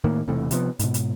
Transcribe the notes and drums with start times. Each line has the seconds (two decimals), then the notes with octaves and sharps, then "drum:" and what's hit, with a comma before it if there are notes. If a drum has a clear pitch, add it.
0.04 A2 D#3 A#3
0.27 E1 C3 E3 A3
0.51 C3 F3 B3, drum: hi-hat
0.79 G#2 B2, drum: hi-hat
0.94 drum: hi-hat